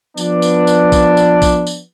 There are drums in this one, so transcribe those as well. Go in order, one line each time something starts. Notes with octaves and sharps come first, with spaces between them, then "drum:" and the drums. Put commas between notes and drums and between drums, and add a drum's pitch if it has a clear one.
F3 B3 D4, drum: tambourine
drum: tambourine
drum: tambourine
drum: kick, tambourine
drum: tambourine
drum: kick, tambourine
drum: tambourine